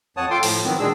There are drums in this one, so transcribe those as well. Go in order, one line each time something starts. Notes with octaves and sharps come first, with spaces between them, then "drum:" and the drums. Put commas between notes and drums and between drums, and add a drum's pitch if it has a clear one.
F2 C#5 F#5 A5 D#6
F4 A4 G5 C6 D6
A2 F3, drum: open hi-hat
D#3 F#3 B3 C4
A#2 D#3 G#3 D4 G#4 E6